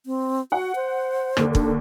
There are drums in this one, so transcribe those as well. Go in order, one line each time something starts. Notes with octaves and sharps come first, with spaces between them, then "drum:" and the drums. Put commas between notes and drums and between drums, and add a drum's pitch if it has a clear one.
C4
F#4 F#5
C5
D#2 D3, drum: rim click
D4, drum: kick